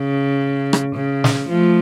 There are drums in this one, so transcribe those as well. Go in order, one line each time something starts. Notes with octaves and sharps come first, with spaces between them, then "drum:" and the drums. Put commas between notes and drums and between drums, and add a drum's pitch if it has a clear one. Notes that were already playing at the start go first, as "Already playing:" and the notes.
Already playing: C#3
drum: rim click
C#3
drum: snare
F3 A3